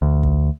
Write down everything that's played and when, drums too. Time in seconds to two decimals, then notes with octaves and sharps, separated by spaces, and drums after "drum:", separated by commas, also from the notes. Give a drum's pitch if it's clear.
0.02 D2
0.23 drum: kick